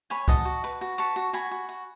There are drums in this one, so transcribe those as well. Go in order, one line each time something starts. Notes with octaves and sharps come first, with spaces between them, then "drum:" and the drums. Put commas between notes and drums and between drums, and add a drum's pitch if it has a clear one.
C#5 G#5 B5
D#5 F#5 A5, drum: kick C2
F#4
B4
F#4
B4 A5 C#6
F#4
F#4 G#5 B5
F#4
F#4